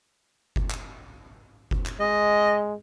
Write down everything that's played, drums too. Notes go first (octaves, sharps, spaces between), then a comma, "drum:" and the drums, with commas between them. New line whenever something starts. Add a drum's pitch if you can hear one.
drum: kick F#1
drum: clap
drum: kick F#1
drum: clap
G#3 D#5